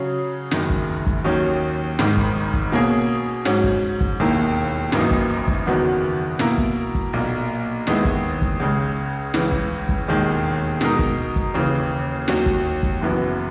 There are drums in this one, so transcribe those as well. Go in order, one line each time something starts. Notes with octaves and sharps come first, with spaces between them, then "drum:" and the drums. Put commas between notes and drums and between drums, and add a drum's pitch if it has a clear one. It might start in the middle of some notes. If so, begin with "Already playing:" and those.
Already playing: C#3 F#3 C#4 G#4
F#1 F#2 D#3, drum: snare
drum: kick
drum: kick
D#2 D#3 F#3 C#4
G#1 G#2 D#3, drum: snare
drum: kick
drum: kick
B2 A#3 C#4 G#4
G#2 F#3 C#4, drum: snare
drum: kick
drum: kick
E1 D#2 D#3 A#3 E4
G#1 F#2 E3 A#3 D#4, drum: snare
drum: kick
drum: kick
F#1 E2 D#3 F#3 B3
B2 A#3 E4 A#4, drum: snare
drum: kick
drum: kick
B1 A#2 A#3
D#2 D#3 G#3 B3 E4, drum: snare
drum: kick
drum: kick
C#2 C#3 G#3
C#2 C#3 E3, drum: snare
drum: kick
drum: kick
E1 D#2 D#3 G#3
B2 G#3 D#4 A#4, drum: snare
drum: kick
drum: kick
D#2 C#3 E3
D#2 D#3 F#3, drum: snare
drum: kick
drum: kick
F#1 F#2 E3 B3